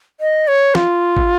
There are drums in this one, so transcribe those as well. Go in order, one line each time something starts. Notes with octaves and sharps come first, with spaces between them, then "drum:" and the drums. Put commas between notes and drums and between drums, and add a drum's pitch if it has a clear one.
D#5
C#5
F4, drum: snare
drum: kick